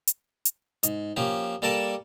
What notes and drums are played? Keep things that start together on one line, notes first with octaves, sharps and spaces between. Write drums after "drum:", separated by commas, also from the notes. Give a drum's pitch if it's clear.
drum: hi-hat
drum: hi-hat
G#2, drum: hi-hat
F3 A#3 C#4 G4
G3 A#3 A4 A#4 D5 A5